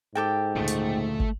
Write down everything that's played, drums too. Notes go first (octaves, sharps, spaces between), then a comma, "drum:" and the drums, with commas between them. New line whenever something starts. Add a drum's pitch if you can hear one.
G#2 G4 A4 G5
D2 A#2 C#3 A3
drum: hi-hat
drum: kick